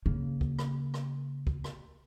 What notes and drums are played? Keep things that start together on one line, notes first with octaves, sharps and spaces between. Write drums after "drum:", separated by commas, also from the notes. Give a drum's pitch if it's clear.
C#3 A#3
drum: kick
drum: rim click
drum: rim click
drum: kick
drum: rim click